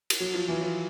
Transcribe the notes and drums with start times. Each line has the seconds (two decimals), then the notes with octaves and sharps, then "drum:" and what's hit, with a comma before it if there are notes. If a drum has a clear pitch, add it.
0.10 drum: cymbal
0.20 F#3
0.34 F3
0.49 E3
0.61 F3